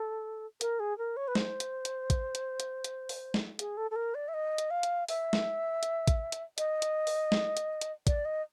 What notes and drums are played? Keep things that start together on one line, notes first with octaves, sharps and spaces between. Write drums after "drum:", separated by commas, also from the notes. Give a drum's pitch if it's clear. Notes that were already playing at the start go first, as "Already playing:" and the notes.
Already playing: A4
A#4, drum: hi-hat
G#4
A#4
C#5
B4
C5, drum: snare
drum: hi-hat
drum: hi-hat
drum: kick, hi-hat
drum: hi-hat
drum: hi-hat
drum: hi-hat
drum: open hi-hat
drum: snare
G#4, drum: hi-hat
A4
A4
A#4
D5
E5
D#5
drum: hi-hat
F5
drum: hi-hat
E5, drum: open hi-hat
drum: snare
drum: hi-hat
drum: kick, hi-hat
drum: hi-hat
D#5, drum: hi-hat
drum: hi-hat
drum: open hi-hat
drum: snare
drum: hi-hat
drum: hi-hat
D5, drum: kick, hi-hat
D#5